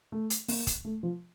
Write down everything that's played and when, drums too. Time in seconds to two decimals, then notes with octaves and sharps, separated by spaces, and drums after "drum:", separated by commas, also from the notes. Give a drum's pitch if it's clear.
0.12 A3
0.30 drum: hi-hat
0.48 A#3, drum: open hi-hat
0.67 drum: kick, hi-hat
0.85 A3
1.03 F3